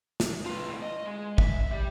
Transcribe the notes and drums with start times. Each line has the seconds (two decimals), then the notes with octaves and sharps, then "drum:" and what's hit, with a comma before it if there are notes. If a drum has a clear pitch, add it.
0.20 drum: snare
0.46 F4 B4
0.70 A2 D3
0.82 D#5
1.06 G#3
1.38 E5, drum: kick
1.72 G3